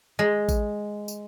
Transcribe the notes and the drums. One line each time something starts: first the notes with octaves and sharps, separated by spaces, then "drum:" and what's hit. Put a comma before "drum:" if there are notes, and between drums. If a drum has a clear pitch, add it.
G#3
drum: kick A1, tambourine
drum: tambourine